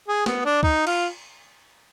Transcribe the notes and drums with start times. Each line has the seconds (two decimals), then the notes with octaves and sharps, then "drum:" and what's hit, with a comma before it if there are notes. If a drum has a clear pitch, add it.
0.08 G#4
0.26 B3, drum: snare
0.45 D4
0.63 D#4, drum: kick C#2
0.87 F4, drum: cymbal